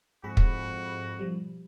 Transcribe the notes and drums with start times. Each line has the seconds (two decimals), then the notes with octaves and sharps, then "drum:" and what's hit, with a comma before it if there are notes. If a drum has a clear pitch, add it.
0.24 F2 G#2 F#4 G#4 B5
0.37 drum: kick
1.19 B2 F3 G3